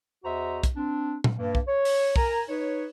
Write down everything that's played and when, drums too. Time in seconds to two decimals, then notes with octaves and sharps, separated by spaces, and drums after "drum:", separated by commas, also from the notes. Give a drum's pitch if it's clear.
0.24 E2 F#4 C5 D#5 E5 A#5
0.63 drum: kick, hi-hat
0.76 C4 D4
1.24 drum: tom
1.39 G2 A#3
1.55 drum: kick
1.67 C#5
1.85 drum: open hi-hat
2.16 A#4 G#5 A#5, drum: kick
2.49 D#4 B4 C#5